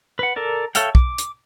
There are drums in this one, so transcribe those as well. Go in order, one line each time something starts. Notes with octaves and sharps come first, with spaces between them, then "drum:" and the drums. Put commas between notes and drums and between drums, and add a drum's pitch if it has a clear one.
B4 F#5
A4 A#4 D5
A4 C#5 E5 F5 G5, drum: hi-hat
D6, drum: kick
drum: hi-hat